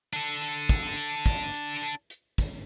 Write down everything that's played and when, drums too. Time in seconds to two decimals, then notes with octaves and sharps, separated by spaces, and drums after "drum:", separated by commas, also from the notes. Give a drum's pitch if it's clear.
0.13 D4 A4, drum: hi-hat
0.41 drum: hi-hat
0.69 drum: kick, hi-hat
0.98 drum: hi-hat
1.26 drum: kick, hi-hat
1.54 drum: hi-hat
1.82 drum: hi-hat
2.10 drum: hi-hat
2.38 drum: kick, hi-hat